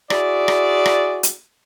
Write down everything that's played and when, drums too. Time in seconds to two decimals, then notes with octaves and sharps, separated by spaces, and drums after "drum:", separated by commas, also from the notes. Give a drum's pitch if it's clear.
0.10 E4 F#4 G#4 D5, drum: rim click
0.48 drum: rim click
0.86 drum: rim click
1.23 drum: hi-hat